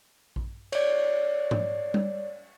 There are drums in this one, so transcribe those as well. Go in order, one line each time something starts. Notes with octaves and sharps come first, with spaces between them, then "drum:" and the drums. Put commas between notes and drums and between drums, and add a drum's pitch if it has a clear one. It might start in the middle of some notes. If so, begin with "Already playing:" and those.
drum: kick A#1
C#5 D5, drum: cymbal
drum: tom
drum: tom G3